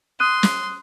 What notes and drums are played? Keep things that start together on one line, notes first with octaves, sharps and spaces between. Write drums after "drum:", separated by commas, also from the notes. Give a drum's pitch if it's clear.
C6 D#6 F#6 D#7
drum: snare